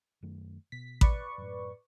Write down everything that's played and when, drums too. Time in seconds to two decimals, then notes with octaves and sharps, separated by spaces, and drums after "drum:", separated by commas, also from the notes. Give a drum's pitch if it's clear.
0.23 F#2 D#3 A3
0.72 B2 B6
1.01 B4 D5 C#6, drum: kick A1
1.38 F#2 A2